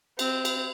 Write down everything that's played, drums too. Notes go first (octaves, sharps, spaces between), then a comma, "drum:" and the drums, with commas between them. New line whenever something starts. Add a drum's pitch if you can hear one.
C4, drum: cymbal
drum: cymbal